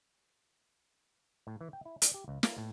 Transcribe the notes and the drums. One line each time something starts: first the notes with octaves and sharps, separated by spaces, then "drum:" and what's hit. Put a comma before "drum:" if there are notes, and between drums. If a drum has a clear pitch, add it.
A2
E3
G5
E4
D5, drum: hi-hat
G4
C#2
A#3, drum: snare
A2